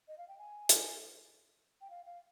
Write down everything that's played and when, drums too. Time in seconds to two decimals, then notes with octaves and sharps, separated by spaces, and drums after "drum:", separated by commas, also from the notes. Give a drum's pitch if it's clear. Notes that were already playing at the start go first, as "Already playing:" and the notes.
0.08 D#5
0.18 F5
0.28 G5
0.38 G#5
0.69 drum: hi-hat
1.81 G5
1.90 F5
2.06 F5